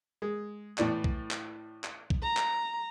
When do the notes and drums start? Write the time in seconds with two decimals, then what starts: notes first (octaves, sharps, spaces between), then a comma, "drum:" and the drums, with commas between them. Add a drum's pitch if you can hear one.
0.22 G#3
0.78 A2 E3 D5, drum: clap
1.04 drum: kick
1.31 drum: clap
1.84 drum: clap
2.10 drum: kick
2.23 A#5
2.37 drum: clap